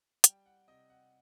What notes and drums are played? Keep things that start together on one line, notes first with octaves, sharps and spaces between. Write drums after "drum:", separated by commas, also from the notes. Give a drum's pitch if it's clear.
G3 G5, drum: hi-hat
F#5
C3 D#5
F#5